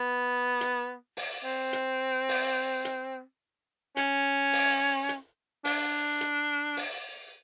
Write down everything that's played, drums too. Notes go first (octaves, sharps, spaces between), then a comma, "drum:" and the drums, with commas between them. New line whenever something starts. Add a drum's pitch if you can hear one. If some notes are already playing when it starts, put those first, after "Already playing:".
Already playing: B3
drum: hi-hat
drum: open hi-hat
C4
drum: hi-hat
drum: open hi-hat
drum: hi-hat
C#4, drum: hi-hat
drum: open hi-hat
drum: hi-hat
D4, drum: open hi-hat
drum: hi-hat
drum: open hi-hat